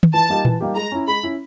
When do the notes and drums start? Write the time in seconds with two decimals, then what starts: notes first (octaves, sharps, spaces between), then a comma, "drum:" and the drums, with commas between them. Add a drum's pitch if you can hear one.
0.03 drum: tom
0.14 E3 A5
0.29 G3 A#3 D#4 G4
0.45 E3, drum: tom A#2
0.60 G3 A#3 D#4 G4
0.76 G#3 A#5
0.91 C#4 E4
1.07 G#3 B5
1.23 C#4 E4